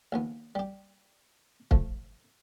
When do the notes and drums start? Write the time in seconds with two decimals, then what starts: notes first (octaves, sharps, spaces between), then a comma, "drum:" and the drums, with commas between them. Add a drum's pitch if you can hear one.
0.12 A#1 D#2 B3
0.55 G3 G4
1.71 F3 A3, drum: kick